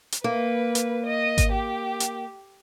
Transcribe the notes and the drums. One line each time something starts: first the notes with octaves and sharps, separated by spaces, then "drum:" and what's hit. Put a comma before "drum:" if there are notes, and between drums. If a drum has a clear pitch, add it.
drum: hi-hat
A#3 B4
drum: hi-hat
D#5
drum: kick G#1, hi-hat
G4
drum: hi-hat